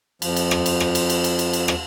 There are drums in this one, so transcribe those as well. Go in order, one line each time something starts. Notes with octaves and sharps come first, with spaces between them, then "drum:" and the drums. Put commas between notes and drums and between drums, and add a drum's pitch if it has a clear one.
F2 F3, drum: cymbal
drum: cymbal
drum: rim click
drum: cymbal
drum: rim click
drum: cymbal
drum: cymbal
drum: cymbal
drum: cymbal
drum: cymbal
drum: rim click